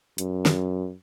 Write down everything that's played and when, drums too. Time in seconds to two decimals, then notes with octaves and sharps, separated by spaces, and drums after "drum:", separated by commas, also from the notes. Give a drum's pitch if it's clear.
0.18 F#2, drum: hi-hat
0.46 drum: snare